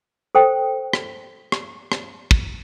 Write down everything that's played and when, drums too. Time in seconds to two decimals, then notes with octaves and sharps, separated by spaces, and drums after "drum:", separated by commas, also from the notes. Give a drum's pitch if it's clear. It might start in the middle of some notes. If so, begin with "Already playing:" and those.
0.35 A4 C5 G5
0.93 drum: rim click
1.52 drum: rim click
1.92 drum: rim click
2.31 drum: kick